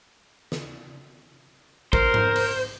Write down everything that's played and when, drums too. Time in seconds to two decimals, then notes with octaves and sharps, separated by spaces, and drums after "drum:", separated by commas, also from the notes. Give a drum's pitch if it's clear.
0.52 drum: snare
1.93 A#4 C5, drum: kick A1
2.14 drum: tom G#2
2.36 drum: cymbal